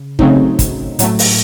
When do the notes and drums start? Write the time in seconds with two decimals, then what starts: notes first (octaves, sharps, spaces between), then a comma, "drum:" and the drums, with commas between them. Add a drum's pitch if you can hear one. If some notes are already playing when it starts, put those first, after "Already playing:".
Already playing: C#3
0.19 C#3 F#3 A3 C4 D#4, drum: kick
0.59 drum: kick, hi-hat
0.99 A2 F#3 A3, drum: hi-hat
1.19 drum: open hi-hat